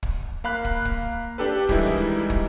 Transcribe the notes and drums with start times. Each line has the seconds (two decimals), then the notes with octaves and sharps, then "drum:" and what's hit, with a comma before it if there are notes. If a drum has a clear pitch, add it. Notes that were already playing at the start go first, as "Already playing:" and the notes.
0.03 drum: kick
0.44 A#3 F5 B5 F#6
0.65 drum: kick
0.85 drum: kick
1.38 D4 G4 A4 B4
1.69 D#3 E3 G3 G#3 D#4 E4, drum: kick
2.30 drum: kick